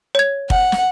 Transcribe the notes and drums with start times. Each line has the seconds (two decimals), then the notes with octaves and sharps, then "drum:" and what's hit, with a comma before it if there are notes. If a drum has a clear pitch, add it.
0.15 C#5 G#6
0.50 F#5, drum: kick
0.72 drum: snare